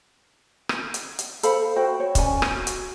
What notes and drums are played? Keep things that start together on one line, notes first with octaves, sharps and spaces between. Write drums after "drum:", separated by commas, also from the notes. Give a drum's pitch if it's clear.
drum: rim click
drum: hi-hat
drum: hi-hat
A4 C5 F5 B5, drum: hi-hat
F#4 C5 G5
C#5
C#4 D5 G#5, drum: kick C#1, hi-hat
drum: rim click
F#4
drum: hi-hat